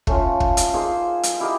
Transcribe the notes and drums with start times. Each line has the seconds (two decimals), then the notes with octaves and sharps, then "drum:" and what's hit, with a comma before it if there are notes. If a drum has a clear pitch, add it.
0.07 A3 C#4 F4, drum: kick
0.40 drum: kick
0.57 drum: hi-hat
0.73 A#3 D#4 G#4 C5
1.23 drum: hi-hat
1.40 E4 G4 A#4 D#5